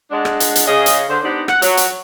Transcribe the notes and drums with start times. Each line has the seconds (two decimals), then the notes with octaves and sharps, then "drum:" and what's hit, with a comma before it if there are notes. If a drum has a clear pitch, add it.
0.11 G#3 D4 F#5
0.25 drum: rim click
0.40 drum: hi-hat
0.55 drum: hi-hat
0.66 C#3 G#4 D#5
0.86 drum: hi-hat
1.08 D3 C5
1.23 B3 D4 D#4 G4 C5 D5
1.48 F#5, drum: rim click
1.62 F#3, drum: hi-hat
1.77 drum: hi-hat